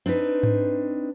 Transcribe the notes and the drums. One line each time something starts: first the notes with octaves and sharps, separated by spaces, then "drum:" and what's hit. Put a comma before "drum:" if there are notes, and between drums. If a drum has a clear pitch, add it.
C4 D4 D#4 B4
drum: tom G#2